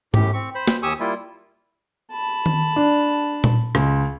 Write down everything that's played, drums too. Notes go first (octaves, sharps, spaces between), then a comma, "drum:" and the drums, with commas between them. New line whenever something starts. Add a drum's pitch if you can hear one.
F#2 A2 G4, drum: tom G#2
C4 C#6
C5 B5
drum: snare
D#2 G4 G#5 C#6 D#6 E6
G3 A#3 E4 F4
A5 B5
drum: tom D#3
D4
drum: tom A#2
C#2, drum: rim click